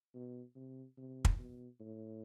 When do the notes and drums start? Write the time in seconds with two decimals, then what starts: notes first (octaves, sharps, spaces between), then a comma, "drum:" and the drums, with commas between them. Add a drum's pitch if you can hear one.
0.14 B2
0.55 C3
0.97 C3
1.25 drum: kick
1.39 B2
1.80 A2